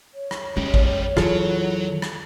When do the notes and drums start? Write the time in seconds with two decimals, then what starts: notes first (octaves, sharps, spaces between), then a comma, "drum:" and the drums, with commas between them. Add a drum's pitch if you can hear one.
0.14 C#5
0.31 drum: rim click
0.57 G#3 C#4 G4
0.74 drum: kick A1
1.17 E3 F#3 E4 F4 G#4 A4, drum: rim click
2.02 drum: rim click